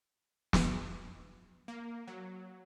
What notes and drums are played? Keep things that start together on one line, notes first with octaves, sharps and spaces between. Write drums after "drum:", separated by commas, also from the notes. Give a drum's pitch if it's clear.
drum: snare
A#3
F#3